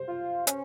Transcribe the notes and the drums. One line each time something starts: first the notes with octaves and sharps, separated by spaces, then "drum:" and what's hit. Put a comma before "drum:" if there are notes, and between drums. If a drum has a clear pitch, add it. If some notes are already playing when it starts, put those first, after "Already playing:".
Already playing: C5
F4
C#4, drum: hi-hat